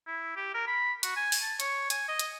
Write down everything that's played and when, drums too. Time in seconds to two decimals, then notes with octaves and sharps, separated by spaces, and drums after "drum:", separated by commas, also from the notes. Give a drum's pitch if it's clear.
0.07 E4
0.36 G4
0.54 A#4
0.67 B5
1.03 F#4, drum: hi-hat
1.16 G#5
1.32 drum: open hi-hat
1.42 A5
1.60 C#5, drum: hi-hat
1.90 G#5, drum: hi-hat
2.08 D#5
2.19 drum: hi-hat